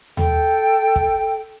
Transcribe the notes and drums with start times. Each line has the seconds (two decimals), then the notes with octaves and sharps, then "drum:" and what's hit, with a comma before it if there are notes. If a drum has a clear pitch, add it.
0.17 A4 G5, drum: tom D#2
0.96 drum: kick